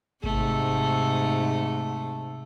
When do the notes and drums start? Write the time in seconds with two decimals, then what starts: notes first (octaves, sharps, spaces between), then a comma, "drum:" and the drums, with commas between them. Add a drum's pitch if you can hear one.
0.24 G#2 C3 A3, drum: kick G#1